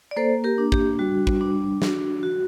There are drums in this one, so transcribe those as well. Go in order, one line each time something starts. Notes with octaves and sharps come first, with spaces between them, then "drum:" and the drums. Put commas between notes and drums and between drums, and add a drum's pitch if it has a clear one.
D5
A#3 A4 C5
G4 A#4
D4
G4, drum: kick
G3 F#4
drum: kick
D4
F#4, drum: snare
F#4